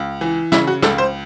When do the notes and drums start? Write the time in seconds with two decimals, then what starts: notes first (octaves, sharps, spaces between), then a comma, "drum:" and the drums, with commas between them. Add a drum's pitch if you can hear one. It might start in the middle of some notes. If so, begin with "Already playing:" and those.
Already playing: C#2
0.21 E3
0.52 C#3 E4, drum: snare
0.67 F#4
0.82 C#2 A4, drum: snare
0.98 C5